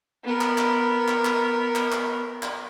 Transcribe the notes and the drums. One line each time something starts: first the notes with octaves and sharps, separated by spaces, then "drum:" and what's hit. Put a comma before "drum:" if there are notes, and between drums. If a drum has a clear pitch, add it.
B3 A#4
drum: clap
drum: clap
drum: clap
drum: clap
drum: clap
drum: clap
drum: clap